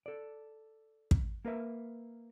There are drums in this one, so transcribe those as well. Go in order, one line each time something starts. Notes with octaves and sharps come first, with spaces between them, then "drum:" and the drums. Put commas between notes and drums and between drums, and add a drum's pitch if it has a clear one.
A4 D5
drum: kick
A#3 A#4 B4 E5